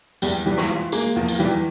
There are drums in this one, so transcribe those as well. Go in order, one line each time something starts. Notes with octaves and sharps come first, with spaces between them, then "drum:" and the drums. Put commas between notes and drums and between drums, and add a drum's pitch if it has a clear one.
E2 G3 G4, drum: tambourine
E3 G3 G4
drum: rim click
F4
G#3 A#3 G#4, drum: tambourine
E2 F3 F4
F4, drum: tambourine
E3 G3 G4